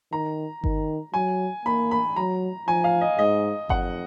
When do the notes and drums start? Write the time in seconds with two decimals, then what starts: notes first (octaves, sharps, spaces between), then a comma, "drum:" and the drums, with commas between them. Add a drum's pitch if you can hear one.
0.12 D#3 A#5
0.64 D#3, drum: kick G1
1.14 F#3 G#5
1.66 A#3 B5
1.91 B5
2.16 F#3 A#5
2.68 F3 G#5
2.84 F5
3.01 D#5
3.18 G#2 D#5
3.69 F2 F#5, drum: kick G1